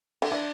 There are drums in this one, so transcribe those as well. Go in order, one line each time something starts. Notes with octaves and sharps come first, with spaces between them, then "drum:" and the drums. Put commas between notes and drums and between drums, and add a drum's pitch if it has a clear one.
D3, drum: cymbal
E3 D4